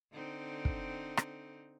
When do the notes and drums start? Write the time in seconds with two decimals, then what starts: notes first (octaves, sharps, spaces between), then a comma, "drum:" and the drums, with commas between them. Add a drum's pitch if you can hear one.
0.13 D3 C4 D#4
0.65 drum: kick
1.17 drum: rim click